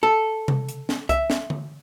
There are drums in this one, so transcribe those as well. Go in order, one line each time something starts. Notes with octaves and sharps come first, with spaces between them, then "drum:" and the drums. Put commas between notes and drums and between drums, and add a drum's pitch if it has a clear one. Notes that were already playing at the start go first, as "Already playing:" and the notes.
A4
drum: tom C3
drum: hi-hat
drum: snare
E5, drum: kick C2, hi-hat
drum: snare
drum: tom D3